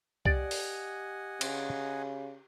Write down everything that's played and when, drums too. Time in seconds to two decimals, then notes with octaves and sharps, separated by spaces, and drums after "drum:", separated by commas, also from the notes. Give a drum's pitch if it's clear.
0.25 G4 D5 D#5 F#5 G#5, drum: kick C2
0.51 drum: open hi-hat
1.41 C#3, drum: cymbal